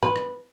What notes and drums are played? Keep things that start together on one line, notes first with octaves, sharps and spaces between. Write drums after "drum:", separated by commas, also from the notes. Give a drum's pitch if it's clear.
B4, drum: tom G#2
drum: rim click